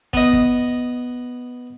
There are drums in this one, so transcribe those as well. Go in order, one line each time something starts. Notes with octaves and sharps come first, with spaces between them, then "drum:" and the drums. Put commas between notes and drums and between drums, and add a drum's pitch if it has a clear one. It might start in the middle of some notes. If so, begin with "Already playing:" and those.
B3 D#5, drum: kick
drum: kick